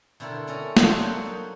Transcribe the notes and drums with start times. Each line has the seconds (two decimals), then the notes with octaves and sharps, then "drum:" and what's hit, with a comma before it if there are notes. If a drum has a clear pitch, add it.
0.20 B2 D3 C4 E4 A4 A#4
0.47 C4 C#4 A4 A#4 D5 A#5
0.77 D4 A4 C5 E5, drum: snare
0.99 F#3 A#3 F#4 A4 F#5 G5
1.25 D#4